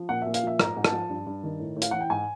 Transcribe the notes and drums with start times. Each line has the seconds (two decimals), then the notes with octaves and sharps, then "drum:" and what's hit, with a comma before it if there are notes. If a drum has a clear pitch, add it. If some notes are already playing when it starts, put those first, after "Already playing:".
Already playing: F3
0.09 A#2 F#5
0.22 A#2 E5
0.34 F5, drum: hi-hat
0.43 F3 E5
0.60 G#2 A#5, drum: rim click
0.77 G#2
0.85 A5, drum: rim click
0.92 F3
1.10 G2
1.27 G2
1.44 D#3
1.60 A2
1.76 A2
1.82 F5, drum: hi-hat
1.91 E3 F#5
2.01 G5
2.10 G#2 G#5